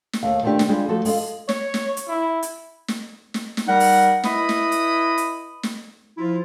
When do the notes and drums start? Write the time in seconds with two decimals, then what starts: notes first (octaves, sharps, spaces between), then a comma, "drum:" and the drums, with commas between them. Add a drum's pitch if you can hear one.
0.13 drum: snare
0.23 D#2 A3 F5
0.43 D#3 A3 B3 C4 D4 G4
0.59 drum: snare
0.69 G3 G#3 D4 F4 G#4
0.88 F3 A3 F#4 A4
1.05 G#3 F4 A4 F5, drum: open hi-hat
1.49 C#5, drum: snare
1.74 drum: snare
1.97 drum: hi-hat
2.08 E4
2.43 drum: hi-hat
2.88 drum: snare
3.34 drum: snare
3.57 drum: snare
3.66 G3 D#4 A#4 F#5
3.80 drum: open hi-hat
4.24 E4 B4 D#5 B5 D#6, drum: snare
4.49 drum: snare
4.72 drum: hi-hat
5.18 drum: hi-hat
5.63 drum: snare
6.17 F3 E4 F4